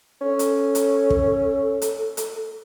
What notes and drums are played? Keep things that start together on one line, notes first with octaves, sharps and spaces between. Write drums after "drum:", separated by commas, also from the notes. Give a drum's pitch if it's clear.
C#4 A4
drum: hi-hat
drum: hi-hat
drum: kick
drum: hi-hat
drum: hi-hat